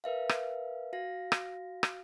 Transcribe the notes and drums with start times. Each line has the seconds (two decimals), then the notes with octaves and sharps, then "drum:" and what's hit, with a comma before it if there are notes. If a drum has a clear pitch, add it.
0.04 A#4 B4 E5 F5
0.29 drum: rim click
0.93 F#4 F5 A#6
1.32 drum: rim click
1.83 drum: rim click